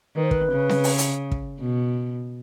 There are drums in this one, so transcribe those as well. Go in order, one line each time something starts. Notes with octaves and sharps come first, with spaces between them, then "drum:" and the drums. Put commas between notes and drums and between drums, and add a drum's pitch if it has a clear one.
D#3 B4
C5
B4, drum: kick
C#3
drum: snare C4
drum: open hi-hat
drum: hi-hat
drum: kick
B2